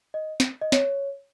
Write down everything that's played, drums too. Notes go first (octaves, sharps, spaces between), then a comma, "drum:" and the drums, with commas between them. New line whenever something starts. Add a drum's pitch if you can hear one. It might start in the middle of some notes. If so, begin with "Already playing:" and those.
D#5
drum: snare
D#5
C#5, drum: snare